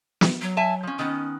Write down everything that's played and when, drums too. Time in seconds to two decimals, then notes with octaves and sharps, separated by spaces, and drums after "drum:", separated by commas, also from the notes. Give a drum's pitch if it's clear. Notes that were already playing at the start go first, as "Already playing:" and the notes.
0.21 drum: snare
0.41 F#3
0.57 E5 G#5 A5
0.83 F3 C#4
0.99 D#3 B3 C#4